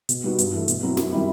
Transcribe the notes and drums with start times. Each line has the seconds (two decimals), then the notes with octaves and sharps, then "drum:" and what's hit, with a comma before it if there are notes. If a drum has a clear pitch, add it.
0.09 B2, drum: hi-hat
0.24 G3 B3 D#4 F#4
0.38 G2, drum: hi-hat
0.54 E3 A3
0.68 B2, drum: hi-hat
0.83 F#3 C4 E4
0.97 F#2, drum: snare
1.12 D#3 G3 C4 E4